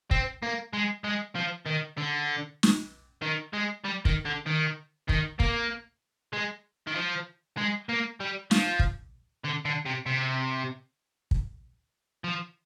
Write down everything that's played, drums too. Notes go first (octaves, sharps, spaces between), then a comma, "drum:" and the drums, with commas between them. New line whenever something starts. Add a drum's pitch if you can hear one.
C4, drum: kick
A#3
G#3
G#3
F3
D#3
D3
drum: snare
D#3
G#3
G3
D#3, drum: kick
D3
D#3
D#3, drum: kick
A#3, drum: kick
G#3
D#3
F3
G#3
A#3
G3
F3, drum: snare
drum: kick
D3
D3
C3
C3
drum: kick
F3